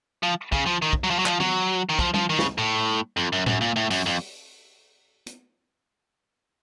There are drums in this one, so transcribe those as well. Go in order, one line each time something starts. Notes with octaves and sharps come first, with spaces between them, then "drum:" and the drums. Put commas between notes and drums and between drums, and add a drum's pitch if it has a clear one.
F3
C#3, drum: kick
F3
D#3
drum: kick
F#3
F3
F#3
F3, drum: clap
F#3, drum: tom
D#3
F3, drum: kick
F3, drum: tom G3
D#3
C#3, drum: snare
A2
F2
F#2
F#2, drum: tom A2
A#2
A2
F#2, drum: open hi-hat
F2
drum: hi-hat